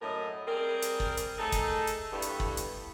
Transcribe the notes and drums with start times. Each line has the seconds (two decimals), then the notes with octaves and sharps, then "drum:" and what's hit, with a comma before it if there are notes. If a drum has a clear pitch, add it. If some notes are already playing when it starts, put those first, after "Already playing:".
0.02 F#2 A2 F#3 E4 A#4 D#5
0.47 G3 C4 G#4 A#4
0.82 drum: hi-hat
1.00 drum: kick
1.17 drum: hi-hat
1.38 A3 D#4 G#4 A4
1.52 drum: kick, hi-hat
1.87 drum: hi-hat
2.12 G2 G3 A3 B3 E4
2.22 drum: hi-hat
2.40 drum: kick
2.57 drum: hi-hat